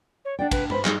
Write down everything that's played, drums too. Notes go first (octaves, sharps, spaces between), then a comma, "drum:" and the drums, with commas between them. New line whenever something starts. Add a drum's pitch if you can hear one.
C#5
D4 D5 F#5 G5
C2 B4, drum: kick, cymbal
G#2 B4 C5 B5, drum: tom G#2
G3 D#4 G#4 D#5, drum: clap